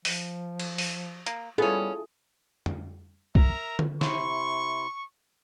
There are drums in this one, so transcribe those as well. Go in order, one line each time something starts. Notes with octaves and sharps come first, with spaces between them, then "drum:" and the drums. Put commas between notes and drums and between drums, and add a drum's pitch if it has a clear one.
F3, drum: open hi-hat
drum: cymbal
drum: open hi-hat
A#3, drum: hi-hat
G3 B3 C#4 E4 F4 G#4 A4
drum: tom
A#4 E5 A#5, drum: kick
drum: tom D3
C3 E4 C6 C#6, drum: snare